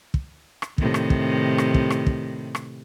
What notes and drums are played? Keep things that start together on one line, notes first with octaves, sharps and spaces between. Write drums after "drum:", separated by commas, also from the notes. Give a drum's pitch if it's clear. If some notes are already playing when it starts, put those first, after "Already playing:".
drum: kick
drum: rim click
A2 C3 D#3, drum: kick
drum: rim click
drum: kick
drum: rim click
drum: kick
drum: rim click
drum: kick
drum: rim click